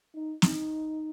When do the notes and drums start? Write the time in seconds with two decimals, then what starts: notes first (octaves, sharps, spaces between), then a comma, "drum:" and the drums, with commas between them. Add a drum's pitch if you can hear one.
0.15 D#4
0.42 D#4, drum: snare